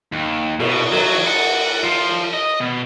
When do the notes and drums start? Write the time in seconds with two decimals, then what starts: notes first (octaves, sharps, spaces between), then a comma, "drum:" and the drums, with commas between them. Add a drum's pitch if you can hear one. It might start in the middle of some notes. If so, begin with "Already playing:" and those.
0.13 D#2
0.60 B2, drum: cymbal
0.92 F#3, drum: cymbal
1.27 F#5
1.84 F3
2.33 D#5
2.60 B2